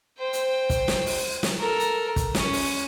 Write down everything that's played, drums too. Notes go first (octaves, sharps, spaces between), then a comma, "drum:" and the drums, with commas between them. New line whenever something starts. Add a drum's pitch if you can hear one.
C5 G5
drum: hi-hat
drum: kick, hi-hat
drum: snare
drum: open hi-hat
drum: snare
A4 A#4
drum: hi-hat
drum: kick, hi-hat
C#4, drum: snare
drum: open hi-hat